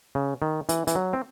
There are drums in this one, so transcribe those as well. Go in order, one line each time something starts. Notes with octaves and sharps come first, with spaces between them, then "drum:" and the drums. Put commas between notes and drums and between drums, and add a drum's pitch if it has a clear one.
C#3
D#3
E3, drum: hi-hat
E3, drum: hi-hat
F#3
C4